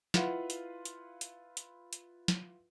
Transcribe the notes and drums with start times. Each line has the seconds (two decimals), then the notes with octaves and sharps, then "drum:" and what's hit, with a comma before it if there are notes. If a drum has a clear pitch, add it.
0.14 E4 F4 B4 F5 F#5, drum: snare
0.50 drum: hi-hat
0.85 drum: hi-hat
1.21 drum: hi-hat
1.57 drum: hi-hat
1.93 drum: hi-hat
2.28 drum: snare